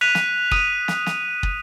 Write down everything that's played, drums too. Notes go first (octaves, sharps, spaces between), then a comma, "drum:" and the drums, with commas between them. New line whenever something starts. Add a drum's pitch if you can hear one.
F#6 B6 D#7 F7
drum: snare
D#6 D#7, drum: kick
drum: snare
drum: snare
drum: kick